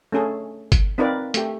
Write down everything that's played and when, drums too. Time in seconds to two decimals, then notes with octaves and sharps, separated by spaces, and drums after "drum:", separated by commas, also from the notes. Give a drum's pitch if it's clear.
0.12 A3 C#4 G#4 A4
0.72 drum: kick G1, hi-hat
0.98 C4 D#4 F4 A#4 B4 D5
1.34 A3 G4, drum: hi-hat